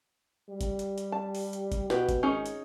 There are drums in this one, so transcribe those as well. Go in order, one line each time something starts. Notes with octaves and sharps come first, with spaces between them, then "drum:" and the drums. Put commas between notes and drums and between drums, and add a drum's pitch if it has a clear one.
G3
drum: kick G1, hi-hat
drum: hi-hat
drum: hi-hat
A5
drum: open hi-hat
drum: hi-hat
drum: kick G1, hi-hat
B2 G4 B4, drum: snare
drum: kick G1, hi-hat
G#1 C#4 D#4 G#4
drum: hi-hat